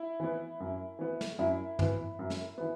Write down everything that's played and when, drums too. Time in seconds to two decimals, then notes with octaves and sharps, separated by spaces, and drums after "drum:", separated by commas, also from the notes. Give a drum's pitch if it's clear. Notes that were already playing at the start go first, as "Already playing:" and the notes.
Already playing: E4
0.20 E3 B3
0.60 F#2
0.99 E3 B3
1.21 drum: snare
1.39 F#2 E4
1.79 E3 B3, drum: tom
2.19 F#2
2.30 drum: snare
2.58 E3 B3